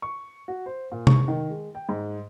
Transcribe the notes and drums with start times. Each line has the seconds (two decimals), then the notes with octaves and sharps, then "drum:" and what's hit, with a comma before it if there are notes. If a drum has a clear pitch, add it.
0.02 C#6
0.48 F#4
0.66 C5
0.92 A#2
1.07 C#6, drum: tom C3
1.28 D#3
1.50 G#3
1.75 G5
1.89 G#2